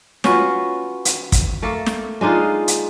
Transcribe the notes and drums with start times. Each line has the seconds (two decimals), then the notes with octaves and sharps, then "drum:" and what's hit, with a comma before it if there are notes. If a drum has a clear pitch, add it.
0.24 C#4 F4 F#4 B4, drum: snare
1.05 drum: hi-hat
1.32 drum: kick, hi-hat
1.62 A3 A#3 A4
1.86 drum: snare
2.21 G#3 D4 D#4 F4
2.68 drum: hi-hat